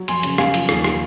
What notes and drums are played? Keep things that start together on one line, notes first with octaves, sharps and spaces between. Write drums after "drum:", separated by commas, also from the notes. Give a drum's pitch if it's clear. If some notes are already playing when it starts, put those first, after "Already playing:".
Already playing: F#3
F2 G#5 C6, drum: cymbal
C#3, drum: cymbal
F#2 F5 G#5, drum: rim click
F3, drum: cymbal
D#2, drum: rim click
drum: rim click